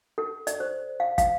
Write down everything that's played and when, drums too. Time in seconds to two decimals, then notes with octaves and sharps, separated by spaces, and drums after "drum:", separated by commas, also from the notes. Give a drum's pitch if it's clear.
0.18 A4
0.47 D5, drum: hi-hat
0.60 C5
1.00 F5
1.18 F5, drum: kick, hi-hat